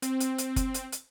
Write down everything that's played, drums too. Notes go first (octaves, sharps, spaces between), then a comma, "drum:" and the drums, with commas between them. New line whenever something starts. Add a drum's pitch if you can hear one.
C4, drum: hi-hat
drum: hi-hat
drum: hi-hat
drum: kick F#1, hi-hat
drum: hi-hat
drum: hi-hat